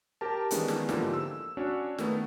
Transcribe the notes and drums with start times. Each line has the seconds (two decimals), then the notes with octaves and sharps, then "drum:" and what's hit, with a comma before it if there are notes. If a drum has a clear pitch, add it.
0.21 G4 A#4 A5
0.51 D#3 E3 G#3 B3 C#4 D4, drum: hi-hat
0.68 drum: snare
0.89 G#2 D3 E3 F3 A#3 G4, drum: snare
1.13 E6
1.57 C#4 D4 F#4 C#5
1.98 D#3 A3 B3, drum: snare